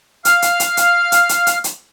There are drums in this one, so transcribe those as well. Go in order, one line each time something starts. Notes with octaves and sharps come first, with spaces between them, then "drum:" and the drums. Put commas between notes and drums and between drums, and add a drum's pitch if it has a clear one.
F5 F6, drum: hi-hat
drum: hi-hat
drum: hi-hat
drum: hi-hat
drum: hi-hat
drum: hi-hat
drum: hi-hat
drum: hi-hat